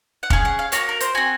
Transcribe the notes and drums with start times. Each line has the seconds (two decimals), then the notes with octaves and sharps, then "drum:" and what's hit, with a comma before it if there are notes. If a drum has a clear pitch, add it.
0.23 F#5
0.30 C#4 G#4 F5, drum: kick F1
0.45 F#5
0.59 F5
0.72 A#3 C#4 F#4 C#5, drum: hi-hat
0.89 A#4
1.00 C5, drum: hi-hat
1.15 C4 F#4 G#5